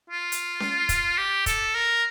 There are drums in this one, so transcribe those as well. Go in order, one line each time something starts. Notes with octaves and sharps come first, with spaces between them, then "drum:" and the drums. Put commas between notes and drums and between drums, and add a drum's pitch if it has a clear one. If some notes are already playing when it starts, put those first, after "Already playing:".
F4
drum: hi-hat
drum: snare C#4
drum: kick, hi-hat
G4
A4, drum: kick, hi-hat
A#4